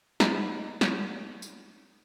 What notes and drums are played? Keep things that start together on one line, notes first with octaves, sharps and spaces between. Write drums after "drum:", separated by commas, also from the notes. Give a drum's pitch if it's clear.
D#4 B5, drum: snare
drum: snare
drum: tambourine